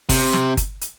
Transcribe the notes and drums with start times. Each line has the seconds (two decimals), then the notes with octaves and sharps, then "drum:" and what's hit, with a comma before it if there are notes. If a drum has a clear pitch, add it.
0.09 C3, drum: kick G1, open hi-hat
0.33 drum: snare
0.57 drum: kick G1, hi-hat
0.81 drum: hi-hat